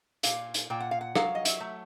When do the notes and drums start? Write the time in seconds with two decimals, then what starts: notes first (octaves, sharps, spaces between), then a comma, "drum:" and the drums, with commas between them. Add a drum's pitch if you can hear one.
0.23 A#2 F5, drum: hi-hat
0.54 drum: hi-hat
0.70 A#2 G5
0.80 F#5
0.91 F5
1.01 F#5
1.15 F#3 F5, drum: rim click
1.35 D#5
1.45 E5, drum: hi-hat
1.60 A3